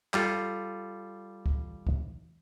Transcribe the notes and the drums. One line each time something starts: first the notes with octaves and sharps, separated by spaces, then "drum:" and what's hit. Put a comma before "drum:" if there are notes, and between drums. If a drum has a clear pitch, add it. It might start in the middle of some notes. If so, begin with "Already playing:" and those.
G3 F4 A4, drum: clap
drum: kick C#2
drum: kick C#2